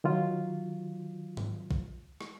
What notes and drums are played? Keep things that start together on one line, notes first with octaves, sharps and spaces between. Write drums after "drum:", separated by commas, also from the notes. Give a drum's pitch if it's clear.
D#3 F#3 F4
drum: tom G#2
drum: kick
drum: rim click